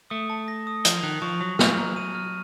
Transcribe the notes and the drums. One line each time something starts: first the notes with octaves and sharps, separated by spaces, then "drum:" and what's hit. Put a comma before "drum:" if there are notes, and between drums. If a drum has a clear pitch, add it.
A3 D#6
A5
A#6
D#6
F3 F7, drum: hi-hat
D#3 F#6
F3 C#6
F#3 F7
F#3 F6, drum: snare
A#5
D#7
F6